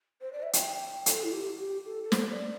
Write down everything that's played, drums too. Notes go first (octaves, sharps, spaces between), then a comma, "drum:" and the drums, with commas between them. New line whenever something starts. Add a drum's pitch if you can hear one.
C5
D5
E5
G5, drum: hi-hat
G5
A4, drum: hi-hat
E4
G4
G4
A4
A4
C5, drum: snare
D5